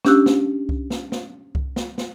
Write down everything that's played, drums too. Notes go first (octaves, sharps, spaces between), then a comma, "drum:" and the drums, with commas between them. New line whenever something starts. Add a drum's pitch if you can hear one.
C#4 D4 G4 E6 F#6, drum: snare
drum: snare
drum: kick C2
drum: snare
drum: snare
drum: kick C2
drum: snare
drum: snare